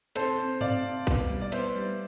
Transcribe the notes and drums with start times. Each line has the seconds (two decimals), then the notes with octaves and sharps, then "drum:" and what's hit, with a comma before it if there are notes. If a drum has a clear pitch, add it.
0.15 C3 A4 C5, drum: cymbal
0.38 C4
0.61 C3 D5 F5, drum: tom G2
0.84 C3
1.07 B2, drum: kick, cymbal
1.29 G3
1.41 D5
1.52 B3 C5 E5, drum: cymbal
1.75 G3